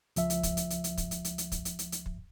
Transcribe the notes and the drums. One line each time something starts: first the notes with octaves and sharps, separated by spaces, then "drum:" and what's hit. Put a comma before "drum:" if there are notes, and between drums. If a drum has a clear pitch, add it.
C#2 F3 E5, drum: hi-hat
drum: hi-hat
drum: kick, hi-hat
drum: hi-hat
drum: hi-hat
drum: hi-hat
drum: kick, hi-hat
drum: hi-hat
drum: hi-hat
drum: hi-hat
drum: kick, hi-hat
drum: hi-hat
drum: hi-hat
drum: hi-hat
drum: kick